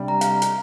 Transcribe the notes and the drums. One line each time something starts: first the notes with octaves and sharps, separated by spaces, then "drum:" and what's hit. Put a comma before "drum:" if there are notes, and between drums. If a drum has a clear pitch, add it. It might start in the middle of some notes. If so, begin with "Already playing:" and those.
Already playing: C3 G3 D4
A#5
F5, drum: hi-hat
drum: hi-hat